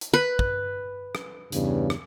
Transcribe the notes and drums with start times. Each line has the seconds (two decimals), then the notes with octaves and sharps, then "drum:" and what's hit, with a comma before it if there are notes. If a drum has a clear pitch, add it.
0.01 drum: hi-hat
0.14 B4
0.39 drum: kick
1.15 drum: rim click
1.52 E2 G2 C#3, drum: hi-hat
1.90 drum: rim click